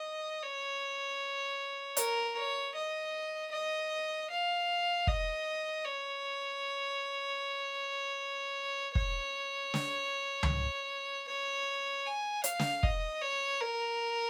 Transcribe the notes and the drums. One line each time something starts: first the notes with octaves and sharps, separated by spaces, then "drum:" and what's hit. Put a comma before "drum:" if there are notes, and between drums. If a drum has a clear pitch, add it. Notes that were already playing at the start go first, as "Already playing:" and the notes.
Already playing: D#5
C#5
A#4, drum: hi-hat
C#5
D#5
D#5
F5
D#5, drum: kick
C#5
C#5, drum: kick
drum: snare
drum: tom C#2
C#5
G#5
F5, drum: hi-hat
drum: snare
D#5, drum: kick
C#5
A#4